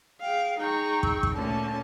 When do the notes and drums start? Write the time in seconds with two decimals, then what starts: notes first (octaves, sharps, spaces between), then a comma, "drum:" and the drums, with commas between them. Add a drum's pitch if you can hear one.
0.22 G#4 F5 G5
0.59 D#4 G#4 G5 A#5 C#6
1.03 E6, drum: kick
1.23 drum: kick
1.34 D2 A#2 D3 C#4 A5